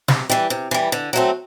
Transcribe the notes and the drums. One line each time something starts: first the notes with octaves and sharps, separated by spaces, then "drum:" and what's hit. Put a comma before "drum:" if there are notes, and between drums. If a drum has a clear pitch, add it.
C3, drum: snare
E3 G3
C3
E3 G3
D3
F#3 A3 C4